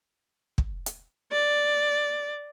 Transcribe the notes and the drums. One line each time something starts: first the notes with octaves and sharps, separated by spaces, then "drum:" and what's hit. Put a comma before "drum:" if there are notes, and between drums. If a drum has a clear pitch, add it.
drum: kick
drum: hi-hat
D5